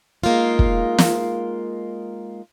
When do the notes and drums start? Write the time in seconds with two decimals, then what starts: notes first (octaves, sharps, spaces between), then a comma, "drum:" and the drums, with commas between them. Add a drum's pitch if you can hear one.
0.24 G#3 A#3 D#4 F4
0.59 drum: kick
0.98 drum: snare